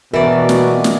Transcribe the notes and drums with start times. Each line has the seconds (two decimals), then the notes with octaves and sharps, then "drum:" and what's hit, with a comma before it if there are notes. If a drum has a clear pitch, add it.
0.13 B2 E3 F#4 A#4 D5
0.49 drum: snare
0.84 drum: snare